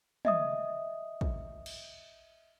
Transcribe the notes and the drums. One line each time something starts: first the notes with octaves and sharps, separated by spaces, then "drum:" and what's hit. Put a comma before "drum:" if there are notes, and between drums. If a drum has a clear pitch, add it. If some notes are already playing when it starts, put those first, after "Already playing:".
D#5 E5 D#6, drum: tom
drum: kick
drum: cymbal